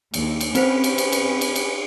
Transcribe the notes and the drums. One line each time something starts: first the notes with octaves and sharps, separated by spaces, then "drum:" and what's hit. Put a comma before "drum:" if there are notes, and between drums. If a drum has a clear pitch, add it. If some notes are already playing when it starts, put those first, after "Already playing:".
D#2, drum: cymbal
drum: cymbal
C4 C#4 G4 B4 C5, drum: cymbal
drum: cymbal
drum: cymbal
drum: cymbal
drum: cymbal
drum: cymbal